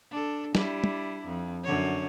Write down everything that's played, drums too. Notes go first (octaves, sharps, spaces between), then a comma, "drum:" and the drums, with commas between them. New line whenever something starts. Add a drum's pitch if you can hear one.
D4 A4
G3 D4 E4, drum: snare
drum: tom
F2
F#2 D3 C#5